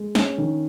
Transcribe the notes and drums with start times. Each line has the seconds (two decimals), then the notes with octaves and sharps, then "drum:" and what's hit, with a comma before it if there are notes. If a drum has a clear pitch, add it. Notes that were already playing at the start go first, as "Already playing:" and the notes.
Already playing: G#3
0.15 C#4, drum: snare
0.38 D#3